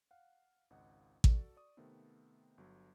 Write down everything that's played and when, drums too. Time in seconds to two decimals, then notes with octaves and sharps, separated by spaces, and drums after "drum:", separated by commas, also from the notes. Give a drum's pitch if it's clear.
0.11 F5 F#5
0.70 G#1 C#2 D#5 F#5
1.24 F#4 A4 D5, drum: kick A1
1.57 D5 C#6 D#6
1.77 C3 D#3 A3 B3 C4
2.58 G1 F#3